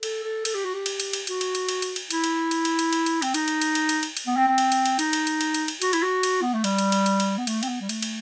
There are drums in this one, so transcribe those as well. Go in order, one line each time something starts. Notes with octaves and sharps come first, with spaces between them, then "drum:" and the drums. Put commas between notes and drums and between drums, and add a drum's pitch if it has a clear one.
A4, drum: cymbal
A4
A4, drum: cymbal
G4
F#4
G4
drum: cymbal
drum: cymbal
drum: cymbal
F#4, drum: cymbal
drum: cymbal
drum: cymbal
drum: cymbal
drum: cymbal
drum: cymbal
E4, drum: cymbal
drum: cymbal
drum: cymbal
drum: cymbal
drum: cymbal
drum: cymbal
drum: cymbal
C4, drum: cymbal
D#4, drum: cymbal
drum: cymbal
drum: cymbal
drum: cymbal
drum: cymbal
drum: cymbal
drum: cymbal
B3
C4
C4
drum: cymbal
drum: cymbal
drum: cymbal
D#4, drum: cymbal
drum: cymbal
drum: cymbal
drum: cymbal
drum: cymbal
drum: cymbal
F#4, drum: cymbal
E4, drum: cymbal
F#4
drum: cymbal
B3
A3
G3, drum: cymbal
drum: cymbal
drum: cymbal
drum: cymbal
drum: cymbal
B3
A3, drum: cymbal
C4, drum: cymbal
B3
G3
A3, drum: cymbal
drum: cymbal